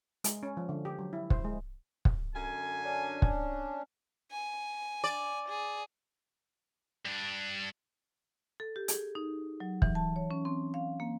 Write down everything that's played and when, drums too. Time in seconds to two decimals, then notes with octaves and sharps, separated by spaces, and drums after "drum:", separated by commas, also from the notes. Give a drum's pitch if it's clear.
0.24 G#3, drum: hi-hat
0.43 C#4
0.57 F3
0.69 D3
0.85 G4
0.99 F#3
1.13 E4
1.30 C5, drum: kick
1.45 G#3
2.05 drum: kick
2.34 F#2 D3 G#5
2.83 C#4 D4
3.22 drum: kick
4.32 G#5
5.04 D5
5.49 G#4
7.06 G2 D4
8.60 A4
8.76 G4
8.88 G#4, drum: hi-hat
9.15 D#4
9.60 F#3
9.82 E3, drum: kick
9.95 A5
10.16 C#5
10.31 C#4
10.45 C4
10.74 F5
11.00 A#3